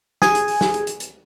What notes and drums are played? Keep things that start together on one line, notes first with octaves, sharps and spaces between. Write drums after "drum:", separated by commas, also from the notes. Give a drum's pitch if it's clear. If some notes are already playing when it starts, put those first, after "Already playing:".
G#4 G#5, drum: snare
drum: hi-hat
drum: open hi-hat
drum: snare
drum: hi-hat
drum: hi-hat
drum: hi-hat